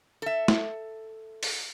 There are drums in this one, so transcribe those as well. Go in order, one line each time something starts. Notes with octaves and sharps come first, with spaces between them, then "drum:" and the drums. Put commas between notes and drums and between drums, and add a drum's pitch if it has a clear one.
A4 E5
drum: snare
drum: open hi-hat